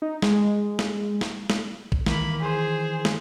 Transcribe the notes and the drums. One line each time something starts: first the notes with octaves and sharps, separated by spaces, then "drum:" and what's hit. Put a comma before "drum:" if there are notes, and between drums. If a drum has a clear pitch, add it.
D#4
G#3, drum: snare
drum: snare
drum: snare
drum: snare
drum: kick A1
D#3 E3 A#3 B5, drum: snare
G#4 C5
drum: snare